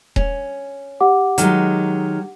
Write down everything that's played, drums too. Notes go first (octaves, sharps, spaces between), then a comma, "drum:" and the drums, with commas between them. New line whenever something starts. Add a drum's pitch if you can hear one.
C#4, drum: kick D#1
G4 F#5 D6
D#3 F#3 G#3, drum: hi-hat